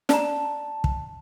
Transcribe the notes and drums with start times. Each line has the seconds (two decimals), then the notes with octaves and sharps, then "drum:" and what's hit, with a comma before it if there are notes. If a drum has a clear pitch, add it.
0.09 D5 A5 A#5, drum: snare
0.84 drum: kick